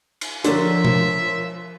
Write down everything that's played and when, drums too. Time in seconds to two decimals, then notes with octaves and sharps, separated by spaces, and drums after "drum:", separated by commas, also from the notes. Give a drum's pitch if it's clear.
0.21 drum: cymbal
0.44 D3 F3 A#4 C#5 E5 C6, drum: hi-hat
0.85 drum: tom